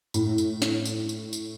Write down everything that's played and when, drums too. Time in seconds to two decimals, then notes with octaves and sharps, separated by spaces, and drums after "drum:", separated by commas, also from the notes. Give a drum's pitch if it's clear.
0.14 A2, drum: tambourine
0.38 drum: tambourine
0.62 drum: snare
0.85 drum: tambourine
1.09 drum: tambourine
1.33 drum: tambourine